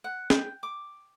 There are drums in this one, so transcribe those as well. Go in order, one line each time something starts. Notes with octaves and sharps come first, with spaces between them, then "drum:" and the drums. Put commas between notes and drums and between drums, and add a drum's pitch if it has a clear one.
F#5
G5, drum: snare
D6